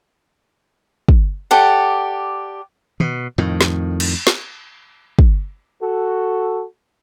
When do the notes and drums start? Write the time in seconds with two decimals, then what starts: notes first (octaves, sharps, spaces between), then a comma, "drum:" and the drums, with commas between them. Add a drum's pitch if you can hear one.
1.09 drum: kick
1.51 G4 A4 D5 F#5
3.00 B2, drum: tom
3.38 F2 A2 D#3
3.61 drum: snare
4.00 drum: cymbal
4.27 drum: snare
5.19 drum: kick
5.82 F#4 A4